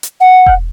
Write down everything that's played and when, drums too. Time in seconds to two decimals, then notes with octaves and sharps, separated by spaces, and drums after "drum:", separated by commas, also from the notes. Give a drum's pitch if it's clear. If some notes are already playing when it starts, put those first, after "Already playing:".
0.03 drum: hi-hat
0.20 F#5
0.46 drum: kick E1